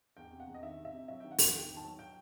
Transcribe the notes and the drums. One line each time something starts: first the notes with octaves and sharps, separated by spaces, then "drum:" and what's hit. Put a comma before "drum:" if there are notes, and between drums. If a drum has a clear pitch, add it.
E2 G5
C3
F#5
E2
D#5
D#3 E5
C3
E5
C3
F#3 E5
D#3 G5
F#5
D#3, drum: open hi-hat
E2 G5
D#3
A5
F#3
G5